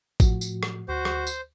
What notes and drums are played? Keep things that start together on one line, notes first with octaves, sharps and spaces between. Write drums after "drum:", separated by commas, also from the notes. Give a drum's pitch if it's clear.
A2 F3 F#4, drum: kick A1, tambourine
drum: tambourine
drum: rim click
D2 F#4 C5
drum: rim click
drum: tambourine